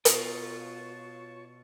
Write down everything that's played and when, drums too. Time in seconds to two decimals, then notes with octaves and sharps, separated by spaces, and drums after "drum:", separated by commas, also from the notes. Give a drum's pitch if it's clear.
0.05 B2 F4 C#5 A5 C#6, drum: hi-hat